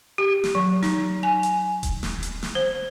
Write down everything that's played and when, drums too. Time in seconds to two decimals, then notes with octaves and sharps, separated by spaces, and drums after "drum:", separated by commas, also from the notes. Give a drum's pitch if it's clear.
0.18 G4
0.44 drum: snare
0.55 F#3
0.83 D#4, drum: snare
1.23 G#5
1.43 drum: hi-hat
1.83 drum: kick D#1, hi-hat
2.03 drum: snare
2.23 drum: hi-hat
2.43 drum: snare
2.55 C5